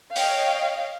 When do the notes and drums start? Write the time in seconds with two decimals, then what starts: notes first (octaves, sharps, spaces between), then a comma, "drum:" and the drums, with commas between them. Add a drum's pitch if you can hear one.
0.15 C#5 D#5 F5 G5, drum: open hi-hat